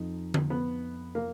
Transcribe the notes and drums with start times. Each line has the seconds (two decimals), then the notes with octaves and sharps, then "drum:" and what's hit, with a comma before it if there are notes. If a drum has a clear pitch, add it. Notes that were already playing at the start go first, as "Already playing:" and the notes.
Already playing: F2 F3 D#4
0.34 drum: tom D3
0.50 B3
1.15 A#3